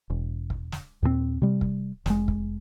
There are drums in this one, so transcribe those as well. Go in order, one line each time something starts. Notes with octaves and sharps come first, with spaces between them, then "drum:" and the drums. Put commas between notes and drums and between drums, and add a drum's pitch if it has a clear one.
E1
drum: kick
drum: snare
D#2 A#2 G3 C4
C3 G3
drum: kick
F1 G#3, drum: snare
drum: kick